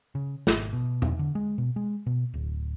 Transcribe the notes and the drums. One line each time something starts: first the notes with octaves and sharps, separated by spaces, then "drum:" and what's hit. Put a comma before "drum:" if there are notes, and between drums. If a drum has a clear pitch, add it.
C#3
G#1, drum: snare
B2
drum: tom E2
D3
G#3
B2
G#3
B2
D1